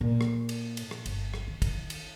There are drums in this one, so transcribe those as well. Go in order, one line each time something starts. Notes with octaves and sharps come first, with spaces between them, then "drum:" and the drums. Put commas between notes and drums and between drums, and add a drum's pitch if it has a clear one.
A#2
drum: rim click
drum: cymbal
drum: cymbal
drum: rim click
G1, drum: cymbal
drum: rim click
D#3
drum: kick, cymbal
drum: cymbal